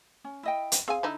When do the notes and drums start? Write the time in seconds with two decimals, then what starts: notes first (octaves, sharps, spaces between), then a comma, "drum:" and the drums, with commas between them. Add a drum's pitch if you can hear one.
0.24 C#4
0.43 E4 D#5 G5
0.72 drum: hi-hat
0.88 C4 G#4 F5 G#5
1.03 D3 D#4 E4